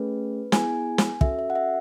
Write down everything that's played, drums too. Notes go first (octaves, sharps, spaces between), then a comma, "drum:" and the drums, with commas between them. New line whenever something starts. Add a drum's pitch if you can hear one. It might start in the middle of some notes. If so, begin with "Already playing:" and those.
Already playing: A3 C#4 G#4 B4
B3 E4 G#4 G#5, drum: snare
drum: snare
C#4 F#4 A4 E5, drum: kick
E5
F#5
E5